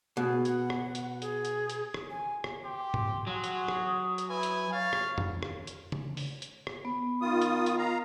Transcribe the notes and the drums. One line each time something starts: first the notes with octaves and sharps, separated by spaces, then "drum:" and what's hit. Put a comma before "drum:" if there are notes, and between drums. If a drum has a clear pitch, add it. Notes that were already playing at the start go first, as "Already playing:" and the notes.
B2 G#4
F#5, drum: hi-hat
drum: rim click
drum: hi-hat
G#4, drum: hi-hat
drum: hi-hat
drum: hi-hat
drum: rim click
G#5
drum: rim click
G4 C6
drum: tom G#2
F#3 F#4 G#4
drum: hi-hat
drum: rim click
D#6
drum: hi-hat
E4 B4 G#5
drum: hi-hat
C#5 F5 A6
drum: rim click
drum: tom F2
drum: rim click
drum: hi-hat
drum: tom C#3
drum: open hi-hat
drum: hi-hat
drum: rim click
B3
D#3 F4 D#6
drum: hi-hat
drum: hi-hat
F5 A#5